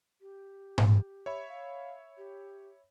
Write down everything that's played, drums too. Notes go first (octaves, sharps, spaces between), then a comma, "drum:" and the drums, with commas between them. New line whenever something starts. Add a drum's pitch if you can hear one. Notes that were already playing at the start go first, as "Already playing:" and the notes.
G4
drum: tom G#2
C#5 E5 B5
F5
G4